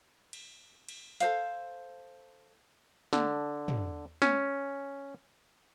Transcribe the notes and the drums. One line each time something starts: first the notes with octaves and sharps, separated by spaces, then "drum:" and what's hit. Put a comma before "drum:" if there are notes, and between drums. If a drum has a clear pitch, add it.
drum: cymbal
drum: cymbal
A4 C5 F5, drum: hi-hat
D3, drum: snare
drum: tom
C#4, drum: snare